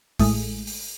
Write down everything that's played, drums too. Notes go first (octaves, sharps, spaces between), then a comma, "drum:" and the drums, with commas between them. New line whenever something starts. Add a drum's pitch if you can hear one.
A1 A2 G#3, drum: kick, open hi-hat
drum: open hi-hat